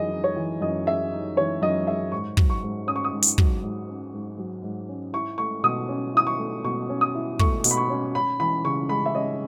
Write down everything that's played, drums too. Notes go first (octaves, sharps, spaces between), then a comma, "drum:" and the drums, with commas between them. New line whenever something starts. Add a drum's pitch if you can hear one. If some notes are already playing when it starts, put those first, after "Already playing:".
Already playing: F#2 E3 G#3 D#4 D#5
D#4
C#5
E3
F#2 D#5
G#3 E5
D#4
E3 C#5
F#2 D#5
G#3 E5
G#2 C#6
F#3, drum: kick
C#6
G#2
C#4 D#6
C#6
D#6
G#2
drum: hi-hat
F#3, drum: kick
G#2
C#4
G#2
F#3
G#2
C#4
E4 C#6
A3 C#6
B2 D#6
C#4
E4 D#6
C#6
A3
B2 C#6
C#4
D#6
E4
A3 C#6, drum: kick
B2, drum: hi-hat
B5
C#6
C#4
C#4 B5
E3 B5
C#3 C#6
G#3 B5
E5
C#4 D#5